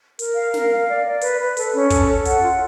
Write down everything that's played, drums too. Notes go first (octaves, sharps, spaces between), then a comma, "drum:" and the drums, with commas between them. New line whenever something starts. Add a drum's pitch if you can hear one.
A#4, drum: hi-hat
F5
A#4, drum: snare
F5
D5
D5
B4, drum: hi-hat
B4
A4, drum: hi-hat
C#4
A4, drum: kick, hi-hat
A4
F#5, drum: hi-hat
F4